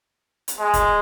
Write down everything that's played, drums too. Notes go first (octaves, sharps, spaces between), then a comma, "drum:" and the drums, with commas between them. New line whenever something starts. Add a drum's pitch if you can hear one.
drum: hi-hat
G#3
drum: kick, hi-hat